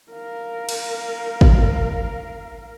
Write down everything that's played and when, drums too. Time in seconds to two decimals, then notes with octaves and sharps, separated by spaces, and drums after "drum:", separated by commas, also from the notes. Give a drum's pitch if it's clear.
0.11 A#4 F5
0.69 drum: cymbal
1.41 drum: kick